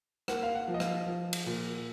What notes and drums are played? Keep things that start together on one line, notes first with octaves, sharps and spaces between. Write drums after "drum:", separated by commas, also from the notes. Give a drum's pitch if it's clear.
A#3 F#5, drum: rim click
F5
F#5
F3
D#5
F5, drum: rim click
F3
drum: cymbal
A#2